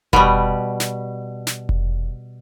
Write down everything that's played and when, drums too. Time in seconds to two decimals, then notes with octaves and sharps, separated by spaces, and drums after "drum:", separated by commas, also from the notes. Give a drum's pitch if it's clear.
0.13 B2 G3, drum: kick F1
0.80 drum: snare
1.47 drum: snare
1.69 drum: kick F1